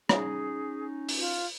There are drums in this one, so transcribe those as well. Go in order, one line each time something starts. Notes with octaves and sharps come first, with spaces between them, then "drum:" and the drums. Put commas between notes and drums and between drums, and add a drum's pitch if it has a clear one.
C#4 D#4 G#4, drum: rim click
drum: open hi-hat
F4